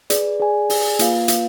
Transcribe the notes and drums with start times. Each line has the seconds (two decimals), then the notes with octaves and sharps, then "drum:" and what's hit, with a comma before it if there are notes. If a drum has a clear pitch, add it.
0.10 G#4 B4 D5, drum: hi-hat
0.40 G#4 D5 G#5
0.70 G#4 D5 G#5, drum: open hi-hat
0.99 A#3 F4 B4 F5, drum: hi-hat
1.28 A#3 F4 B4 F5, drum: hi-hat